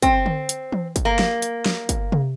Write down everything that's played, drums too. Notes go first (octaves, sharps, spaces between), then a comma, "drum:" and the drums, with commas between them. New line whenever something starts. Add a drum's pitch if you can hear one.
C4, drum: kick, hi-hat
drum: tom D3
drum: hi-hat
drum: tom E3
drum: kick, hi-hat
A#3
drum: snare
drum: hi-hat
drum: snare
drum: kick, hi-hat
drum: tom C3